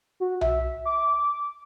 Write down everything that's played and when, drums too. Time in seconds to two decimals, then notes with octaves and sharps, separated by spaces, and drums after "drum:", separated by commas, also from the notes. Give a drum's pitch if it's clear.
0.20 F#4
0.41 E5, drum: tom B1
0.86 D6